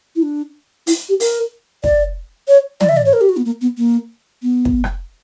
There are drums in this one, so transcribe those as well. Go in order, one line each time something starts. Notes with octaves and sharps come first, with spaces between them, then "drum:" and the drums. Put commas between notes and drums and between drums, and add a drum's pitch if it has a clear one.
E4
D4
E4, drum: open hi-hat
G4
A#4, drum: open hi-hat
D5, drum: kick
C#5
D5, drum: tom
E5
D5
C#5
A#4
G4
F#4
B3
A#3
B3
A#3
B3
drum: kick
drum: rim click